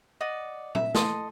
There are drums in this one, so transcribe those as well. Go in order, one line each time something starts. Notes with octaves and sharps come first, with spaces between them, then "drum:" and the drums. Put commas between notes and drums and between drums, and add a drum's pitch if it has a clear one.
D5 D#5 F#5
E5, drum: tom A#2
A4 D#5 C6 D#6, drum: snare